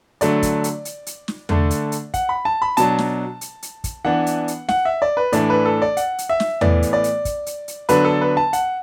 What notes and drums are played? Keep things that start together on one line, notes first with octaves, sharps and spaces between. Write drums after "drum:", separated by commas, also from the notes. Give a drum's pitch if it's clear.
D3 F#3 A3 D4 D5, drum: hi-hat
drum: kick, hi-hat
drum: hi-hat
drum: hi-hat
drum: hi-hat
drum: snare
D3 A3 D4, drum: tom E2
drum: hi-hat
drum: hi-hat
F#5, drum: kick, hi-hat
B5
A5
B5
B2 F#3 D4 A5, drum: hi-hat
drum: snare
drum: hi-hat
drum: hi-hat
drum: kick, hi-hat
E3 B3 D4 F#5
drum: hi-hat
drum: hi-hat
F#5, drum: snare
E5
D5
B4
A2 E3 A3 D4 D5, drum: hi-hat
B4
A4
D5
F#5, drum: hi-hat
drum: hi-hat
E5
drum: snare
A2 E3 B3 D5, drum: tom E2
drum: hi-hat
D5
drum: hi-hat
drum: kick, hi-hat
drum: hi-hat
drum: hi-hat
D3 F#3 B3 D4 B4, drum: hi-hat
A4
B4
A5
F#5, drum: hi-hat